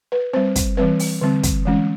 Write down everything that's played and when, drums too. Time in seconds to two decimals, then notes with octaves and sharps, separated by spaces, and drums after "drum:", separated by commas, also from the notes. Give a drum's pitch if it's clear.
0.12 B4
0.33 G3 C4 C5
0.56 drum: kick, hi-hat
0.77 E3 G3 C4 B4
0.99 drum: open hi-hat
1.21 D3 G3 C4
1.43 drum: kick, hi-hat
1.65 E3 G#3 C#4